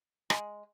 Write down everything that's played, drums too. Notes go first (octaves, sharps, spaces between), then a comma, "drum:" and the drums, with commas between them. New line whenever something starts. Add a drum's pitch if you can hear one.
G#3, drum: rim click